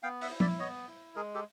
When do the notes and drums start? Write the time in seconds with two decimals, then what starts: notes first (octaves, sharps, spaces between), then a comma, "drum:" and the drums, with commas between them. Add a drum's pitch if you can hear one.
0.03 B3 F5 G5
0.21 E5 F#5, drum: open hi-hat
0.31 E4
0.40 D5 E5, drum: tom F3
0.59 B3 C#5 D#5
0.88 E4
1.15 G#3 G#4 A#4
1.34 G4 A4